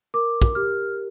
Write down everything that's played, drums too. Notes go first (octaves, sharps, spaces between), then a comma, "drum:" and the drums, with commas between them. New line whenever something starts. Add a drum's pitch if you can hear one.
A#4 D6
drum: kick
G4 F6